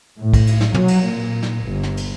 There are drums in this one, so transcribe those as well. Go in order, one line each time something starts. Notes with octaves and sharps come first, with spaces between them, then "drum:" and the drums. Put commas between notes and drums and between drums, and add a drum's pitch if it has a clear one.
A2
drum: kick, cymbal
drum: cymbal
drum: snare
F#3, drum: tom
drum: cymbal
A#2
drum: snare
G1
drum: snare
drum: cymbal